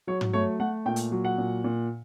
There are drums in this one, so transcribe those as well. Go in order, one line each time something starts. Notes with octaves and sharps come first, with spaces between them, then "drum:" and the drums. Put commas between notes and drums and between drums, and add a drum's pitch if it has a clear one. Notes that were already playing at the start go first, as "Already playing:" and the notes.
F#3 C#5
drum: tom
A3 C#5
A3 F#5
A#2 G5
drum: hi-hat
F#3
F#5
A#2
A#2